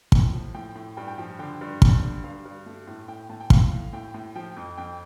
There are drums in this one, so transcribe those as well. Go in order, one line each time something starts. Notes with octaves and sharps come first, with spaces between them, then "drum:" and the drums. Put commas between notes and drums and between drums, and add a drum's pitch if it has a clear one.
A2, drum: kick
F3
A2 G5
A2
G2 G5
G5
F3 G5
D3 G5
G2
G2, drum: kick
D3
G2 F5
G2
A3
A2
A2 G5
A2 A5
G5
A2 F5, drum: kick
A2
A2 G5
A2
F3 G5
F2
F2 G5